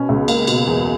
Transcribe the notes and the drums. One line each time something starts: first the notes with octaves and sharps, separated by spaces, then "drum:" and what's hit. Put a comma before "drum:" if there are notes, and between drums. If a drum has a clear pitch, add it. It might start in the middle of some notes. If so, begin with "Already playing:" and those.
Already playing: B2 C#4
C#2
A#3, drum: cymbal
B2, drum: cymbal
E2